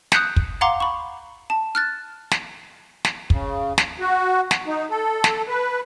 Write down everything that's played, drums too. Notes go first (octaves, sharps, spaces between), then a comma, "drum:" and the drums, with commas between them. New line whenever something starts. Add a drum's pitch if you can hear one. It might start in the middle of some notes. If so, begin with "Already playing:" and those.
D#6 F#6 G6 C#7, drum: snare
drum: kick
F5 F#5 A#5 C6 D6
B5 C#6
A5
F6 F#6 A6
drum: snare
drum: snare
C#3, drum: kick
drum: snare
F#4
drum: snare
D#4
A4
drum: snare
B4